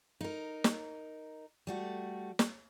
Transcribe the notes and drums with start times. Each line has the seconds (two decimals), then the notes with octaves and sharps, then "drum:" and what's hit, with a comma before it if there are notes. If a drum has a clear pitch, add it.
0.21 D#4 A#4
0.64 drum: snare
1.67 G3 A3 F#4
2.39 drum: snare